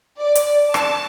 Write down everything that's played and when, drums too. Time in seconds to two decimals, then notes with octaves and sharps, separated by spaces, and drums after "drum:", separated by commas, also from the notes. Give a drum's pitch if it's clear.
0.19 D5
0.35 drum: hi-hat
0.74 A5, drum: rim click